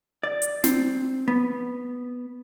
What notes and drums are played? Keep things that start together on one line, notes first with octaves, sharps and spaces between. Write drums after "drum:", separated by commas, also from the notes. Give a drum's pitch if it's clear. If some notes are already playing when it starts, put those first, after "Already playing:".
D5
drum: hi-hat
C4, drum: snare
B3